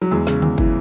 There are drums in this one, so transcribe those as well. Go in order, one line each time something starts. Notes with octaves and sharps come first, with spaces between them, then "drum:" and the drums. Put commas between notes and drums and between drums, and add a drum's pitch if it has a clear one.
F#3
E2 G#3
C#3, drum: snare
E2, drum: tom D3
E3, drum: kick